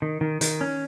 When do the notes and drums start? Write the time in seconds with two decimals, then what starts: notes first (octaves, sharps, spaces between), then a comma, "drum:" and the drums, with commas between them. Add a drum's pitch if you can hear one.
0.02 D#3
0.21 D#3
0.41 D#3, drum: hi-hat
0.61 C#4